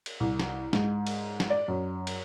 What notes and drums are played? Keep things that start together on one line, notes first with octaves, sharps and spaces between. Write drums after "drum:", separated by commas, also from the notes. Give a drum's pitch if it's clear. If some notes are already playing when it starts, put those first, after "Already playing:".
drum: cymbal
C2
drum: snare
G#2, drum: snare
drum: cymbal
drum: snare
D5
F#2
drum: cymbal